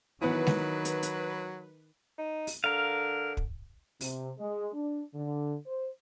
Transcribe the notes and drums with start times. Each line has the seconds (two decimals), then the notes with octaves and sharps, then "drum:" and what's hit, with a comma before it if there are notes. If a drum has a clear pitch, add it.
0.21 D#3 E3 F#3 B3 B4
0.47 drum: snare G#3
0.85 drum: hi-hat
1.03 drum: hi-hat
2.18 D#4
2.47 drum: open hi-hat
2.64 D3 A#4 F5
3.37 drum: kick
4.01 C3, drum: open hi-hat
4.38 G#3
4.74 D4
5.14 D3
5.65 C5